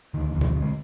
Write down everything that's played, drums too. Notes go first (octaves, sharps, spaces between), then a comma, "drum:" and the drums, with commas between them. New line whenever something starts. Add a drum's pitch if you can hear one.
D2 D#3
D2 E3
D#3 F3, drum: tom B2
D3
G#3